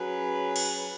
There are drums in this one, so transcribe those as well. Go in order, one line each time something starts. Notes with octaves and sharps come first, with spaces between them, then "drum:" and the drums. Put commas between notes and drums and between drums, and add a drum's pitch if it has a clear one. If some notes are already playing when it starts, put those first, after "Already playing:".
Already playing: F#3 C#4 G#4 B4
drum: cymbal